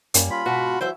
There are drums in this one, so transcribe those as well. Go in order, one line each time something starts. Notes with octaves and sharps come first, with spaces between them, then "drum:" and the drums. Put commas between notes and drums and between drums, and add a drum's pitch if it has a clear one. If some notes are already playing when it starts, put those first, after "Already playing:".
F#2 G3 A#3 C#4, drum: hi-hat
F4 B5 B6
G#2 B2 F#4
E3 F#3 C5 E5